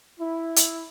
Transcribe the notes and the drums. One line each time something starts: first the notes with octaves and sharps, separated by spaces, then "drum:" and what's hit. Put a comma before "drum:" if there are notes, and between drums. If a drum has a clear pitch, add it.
E4
drum: hi-hat